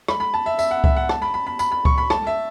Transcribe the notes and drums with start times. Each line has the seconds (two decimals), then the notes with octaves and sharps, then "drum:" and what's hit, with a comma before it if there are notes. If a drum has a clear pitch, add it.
0.08 B5, drum: rim click
0.20 B5
0.34 A5
0.46 E5
0.59 E5, drum: tambourine
0.71 F#5
0.84 E5, drum: kick C#2
0.96 F#5
1.09 A5, drum: rim click
1.22 B5
1.34 B5
1.47 B5
1.59 B5, drum: tambourine
1.72 B5
1.85 C#6, drum: kick C#2
1.98 B5
2.10 A5, drum: rim click
2.27 E5